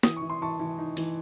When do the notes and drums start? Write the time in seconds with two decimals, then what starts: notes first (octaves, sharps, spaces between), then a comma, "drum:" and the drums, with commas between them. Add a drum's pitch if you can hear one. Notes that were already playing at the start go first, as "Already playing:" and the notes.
0.03 E3 D#6, drum: snare
0.17 E3 C#6
0.30 C6
0.41 E3 A5 C#6
0.60 E3
0.78 D#4
0.97 E3, drum: open hi-hat